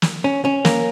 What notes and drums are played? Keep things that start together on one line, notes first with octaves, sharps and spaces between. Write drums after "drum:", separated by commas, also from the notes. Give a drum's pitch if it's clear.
drum: snare
C#4
C#4
A#3, drum: snare